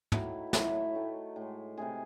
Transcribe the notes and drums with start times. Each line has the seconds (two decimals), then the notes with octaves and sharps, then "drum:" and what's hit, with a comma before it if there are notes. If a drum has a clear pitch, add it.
0.12 D#3 F#3 A3 E4, drum: tom
0.53 A2 F#3 A3 E4, drum: snare
0.95 D#3 A3
1.36 A2
1.41 G#3
1.77 C3 E3 A3 G#4